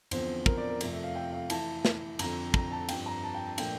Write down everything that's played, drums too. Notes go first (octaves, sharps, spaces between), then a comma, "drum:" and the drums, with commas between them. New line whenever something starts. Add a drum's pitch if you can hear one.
E2 D3 F3 C4 C5, drum: cymbal
A#4, drum: kick
D5
A#4
F2 C3 F3 A3 D5, drum: cymbal
E5
F5
G5
F5
E3 A3 E4 A5, drum: cymbal
drum: snare
F2 D3 F3 C4 A#5, drum: cymbal
A#5, drum: kick
A5
G2 F3 C4 G5, drum: cymbal
A#5
A5
G5
A5
A#2 F3 A3 D4 G5, drum: cymbal